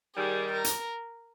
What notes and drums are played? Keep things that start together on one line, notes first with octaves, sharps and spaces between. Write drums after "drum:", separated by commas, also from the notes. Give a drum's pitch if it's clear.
D#3 G3 G#4
A#4
drum: hi-hat